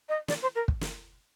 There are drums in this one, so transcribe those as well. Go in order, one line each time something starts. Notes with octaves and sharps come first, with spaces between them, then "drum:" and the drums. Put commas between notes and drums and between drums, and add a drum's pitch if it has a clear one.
D#5
D5, drum: snare
C5
A#4
drum: kick
drum: snare